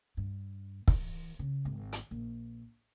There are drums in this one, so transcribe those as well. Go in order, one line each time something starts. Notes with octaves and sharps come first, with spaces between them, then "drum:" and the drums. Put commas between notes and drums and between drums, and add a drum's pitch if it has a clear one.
G2
E3, drum: kick
C#3
G#1
drum: hi-hat
A#1